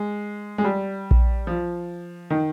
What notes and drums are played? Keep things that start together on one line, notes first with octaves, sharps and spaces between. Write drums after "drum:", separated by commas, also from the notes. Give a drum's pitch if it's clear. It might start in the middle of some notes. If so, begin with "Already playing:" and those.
Already playing: G#3
G#3
G3
drum: kick A#1
F3
D#3